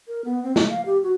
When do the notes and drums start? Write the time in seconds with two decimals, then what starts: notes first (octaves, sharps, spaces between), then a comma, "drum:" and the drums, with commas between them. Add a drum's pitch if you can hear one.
0.08 A#4
0.25 B3
0.44 C4
0.56 G#3, drum: snare
0.70 F5
0.86 G4
1.03 F#4